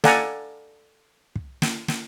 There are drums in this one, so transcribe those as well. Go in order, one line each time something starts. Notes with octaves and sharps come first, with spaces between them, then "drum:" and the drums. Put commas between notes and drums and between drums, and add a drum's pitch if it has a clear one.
A4 D5 F5 F#5 G#5 A#5, drum: snare
drum: kick
drum: snare
drum: snare